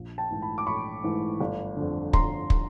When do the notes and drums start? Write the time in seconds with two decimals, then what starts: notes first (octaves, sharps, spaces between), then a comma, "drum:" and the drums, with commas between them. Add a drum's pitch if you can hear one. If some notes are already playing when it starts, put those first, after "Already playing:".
Already playing: A#1
0.18 G5 A5
0.30 G#2 E3 A3
0.42 A5 B5
0.58 D6
0.67 A#1 B5 C#6
1.04 G#2 E3 A3
1.40 G1
1.76 F2 D3
2.13 G1 A#5 C6, drum: kick
2.50 drum: kick